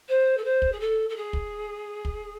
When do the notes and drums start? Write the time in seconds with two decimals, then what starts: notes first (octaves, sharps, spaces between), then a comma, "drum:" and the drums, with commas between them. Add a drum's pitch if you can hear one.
0.08 C5
0.37 A4
0.44 C5
0.62 drum: kick
0.72 G#4
0.80 A4
1.09 A4
1.16 G#4
1.33 drum: kick
2.05 drum: kick